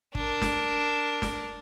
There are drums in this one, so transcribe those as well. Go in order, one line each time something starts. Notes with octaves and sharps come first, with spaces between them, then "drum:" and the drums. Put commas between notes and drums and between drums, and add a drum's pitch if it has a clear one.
D4 A#4, drum: kick
drum: snare
drum: snare